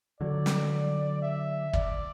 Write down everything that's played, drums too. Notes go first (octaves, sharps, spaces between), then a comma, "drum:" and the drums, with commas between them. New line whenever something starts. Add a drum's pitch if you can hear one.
D3 F#3 D5
drum: snare
E5
D5, drum: kick